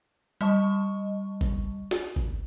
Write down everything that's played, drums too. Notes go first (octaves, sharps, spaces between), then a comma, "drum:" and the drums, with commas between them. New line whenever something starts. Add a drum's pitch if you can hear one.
G3 D#5 A5 C#6
drum: kick
drum: snare
drum: kick